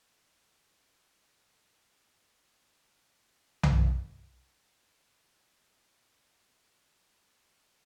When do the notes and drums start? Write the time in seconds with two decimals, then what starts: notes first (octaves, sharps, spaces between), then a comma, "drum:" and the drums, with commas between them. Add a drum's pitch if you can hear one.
0.25 C3 A3 G#4 C#5 A#6
1.87 D4
2.02 A#3
2.19 D3
2.34 A#3
2.93 A#3 B3 C#4 G4 F5
3.63 drum: tom B1
6.04 B3 F#4 F#5
7.14 F3 C#4 E4 G4